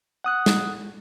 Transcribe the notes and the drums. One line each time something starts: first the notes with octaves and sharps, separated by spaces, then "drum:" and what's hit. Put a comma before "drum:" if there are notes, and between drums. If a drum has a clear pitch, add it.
F#5 D#6 F#6
drum: snare